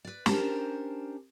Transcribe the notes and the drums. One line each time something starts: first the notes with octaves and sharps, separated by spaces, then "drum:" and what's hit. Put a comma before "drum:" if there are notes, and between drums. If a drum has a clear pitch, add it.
B4 D5
C#4 D4 G4 A#4 C5 A5, drum: snare